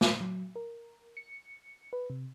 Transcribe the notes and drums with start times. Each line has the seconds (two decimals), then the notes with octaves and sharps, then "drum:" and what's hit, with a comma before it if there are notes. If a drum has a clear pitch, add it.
0.01 D6, drum: snare
0.21 F#3
0.56 A#4
1.17 C#7
1.93 B4
2.10 C3